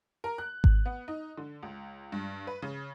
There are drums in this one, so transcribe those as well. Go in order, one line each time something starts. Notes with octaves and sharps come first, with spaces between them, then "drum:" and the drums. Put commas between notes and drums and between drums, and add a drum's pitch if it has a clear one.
A#4
F#6
F#6, drum: kick G#1
B3
D#4
D3
C#2
G2
B4
C#3